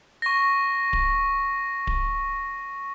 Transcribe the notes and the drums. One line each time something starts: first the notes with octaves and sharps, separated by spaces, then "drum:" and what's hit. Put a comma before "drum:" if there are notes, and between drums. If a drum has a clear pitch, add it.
C#6 A#6
drum: kick D1
drum: kick D1